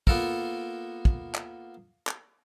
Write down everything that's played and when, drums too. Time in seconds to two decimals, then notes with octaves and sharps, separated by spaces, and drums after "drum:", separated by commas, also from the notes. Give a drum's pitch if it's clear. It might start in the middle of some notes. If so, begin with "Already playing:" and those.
0.07 A#3 B3 F4 A4 A#4, drum: kick
1.05 drum: kick
1.34 drum: clap
2.07 drum: clap